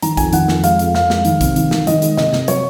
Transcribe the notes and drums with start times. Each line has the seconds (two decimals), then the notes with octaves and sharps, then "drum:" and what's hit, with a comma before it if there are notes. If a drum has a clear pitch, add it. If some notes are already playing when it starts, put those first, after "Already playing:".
0.02 D#3 A#5, drum: hi-hat
0.17 F2 G#5, drum: kick A#1, hi-hat
0.33 D#3 F#5, drum: hi-hat
0.48 F2, drum: snare
0.64 G#3 F5, drum: hi-hat
0.79 F2, drum: hi-hat
0.94 F2 F5, drum: snare
1.10 G#3, drum: snare
1.25 D#3, drum: hi-hat
1.41 C3, drum: kick A#1, hi-hat
1.56 D#3, drum: hi-hat
1.71 D#3, drum: snare
1.87 D#3 D#5, drum: hi-hat
2.02 G#3, drum: hi-hat
2.17 C3 D#5, drum: snare
2.33 C3, drum: snare
2.48 F#3 C#5, drum: hi-hat